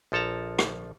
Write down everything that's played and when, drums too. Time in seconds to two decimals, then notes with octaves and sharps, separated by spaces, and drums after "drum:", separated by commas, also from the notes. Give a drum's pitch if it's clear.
0.12 A#1 F3 A4 A5 A#5
0.59 drum: rim click